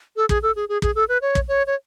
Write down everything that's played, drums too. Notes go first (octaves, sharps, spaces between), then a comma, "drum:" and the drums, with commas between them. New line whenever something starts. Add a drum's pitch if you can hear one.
A4
G#4, drum: kick
A4
G#4
G#4
G#4, drum: kick
A4
B4
C#5
drum: kick
C#5
C#5